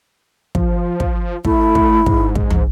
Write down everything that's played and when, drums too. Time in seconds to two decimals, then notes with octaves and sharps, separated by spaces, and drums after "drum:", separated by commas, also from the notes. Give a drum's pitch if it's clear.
0.55 F3, drum: kick
1.00 drum: kick
1.45 A3 E4, drum: kick
1.75 drum: kick
2.06 G#2, drum: kick
2.35 drum: kick
2.50 drum: tom